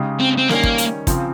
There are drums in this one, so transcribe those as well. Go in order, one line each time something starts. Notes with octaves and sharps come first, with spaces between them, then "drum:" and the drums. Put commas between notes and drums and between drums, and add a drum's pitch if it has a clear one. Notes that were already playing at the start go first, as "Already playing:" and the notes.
Already playing: C#3 G#3 D#4 G4
C4
C4
D#3 G3 A#3 C#4, drum: snare
drum: kick
drum: hi-hat
C#3 F3 C4, drum: kick, hi-hat